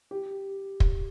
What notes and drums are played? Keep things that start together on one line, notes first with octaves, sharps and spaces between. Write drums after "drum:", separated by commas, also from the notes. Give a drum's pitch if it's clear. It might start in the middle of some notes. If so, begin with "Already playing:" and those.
G4
drum: kick